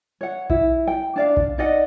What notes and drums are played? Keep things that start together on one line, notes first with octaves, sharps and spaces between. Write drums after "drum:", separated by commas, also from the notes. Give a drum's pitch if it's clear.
C#5 F#5
E4, drum: kick A#1
G5
D4 D5 F5
drum: kick A#1
D#4 D5 D#5 F#5